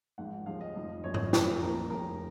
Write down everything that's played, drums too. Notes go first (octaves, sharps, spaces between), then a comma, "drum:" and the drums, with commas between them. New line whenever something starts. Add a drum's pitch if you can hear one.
G#1 G#2 F3 F#5
D#2 C#3 F3 F5
D#5
F1 F2 F3
F#1 F#2 F3 C#5
C#5, drum: tom G#2
D#5
F1 F2 C#3 F3 B4, drum: snare
A#1 A#2 F3 A#4
F1 D#2 C#3 F3 A#4